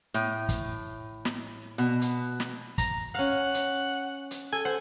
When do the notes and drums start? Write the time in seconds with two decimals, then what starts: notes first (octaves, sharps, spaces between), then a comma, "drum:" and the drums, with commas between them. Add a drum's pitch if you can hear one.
0.14 A2
0.49 drum: kick, hi-hat
1.25 drum: snare
1.78 B2
2.02 drum: hi-hat
2.40 drum: snare
2.78 A#5, drum: kick, hi-hat
3.15 C#4 F5 F#5
3.54 drum: hi-hat
4.31 drum: hi-hat
4.52 A4 G#5
4.65 C5 F#5